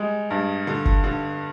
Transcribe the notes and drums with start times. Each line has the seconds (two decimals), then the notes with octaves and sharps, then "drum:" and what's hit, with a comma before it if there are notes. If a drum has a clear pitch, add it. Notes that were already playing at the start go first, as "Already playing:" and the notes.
Already playing: G3 G#3
0.30 G2
0.67 D3
0.85 drum: kick F#1
1.04 D3